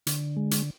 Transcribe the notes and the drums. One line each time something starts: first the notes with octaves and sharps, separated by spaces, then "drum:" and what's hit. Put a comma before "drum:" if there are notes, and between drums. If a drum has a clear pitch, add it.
D3, drum: hi-hat
G#3
drum: hi-hat